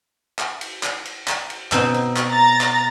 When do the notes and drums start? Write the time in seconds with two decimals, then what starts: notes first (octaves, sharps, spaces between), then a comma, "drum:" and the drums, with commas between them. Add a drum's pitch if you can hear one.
0.39 drum: clap
0.61 drum: cymbal
0.83 drum: clap
1.05 drum: cymbal
1.28 drum: clap
1.50 drum: cymbal
1.72 B2 C4 D#4, drum: clap
1.94 drum: cymbal
2.17 drum: clap
2.30 A#5 A6
2.61 drum: clap